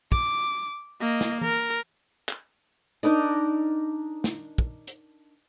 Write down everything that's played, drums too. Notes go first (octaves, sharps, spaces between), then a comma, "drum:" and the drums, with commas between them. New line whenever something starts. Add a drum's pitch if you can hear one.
D6, drum: kick
A#3 D#5
drum: snare
A#4, drum: tom E3
drum: clap
D4 D#4 A#4 D#5
drum: snare
drum: kick
drum: hi-hat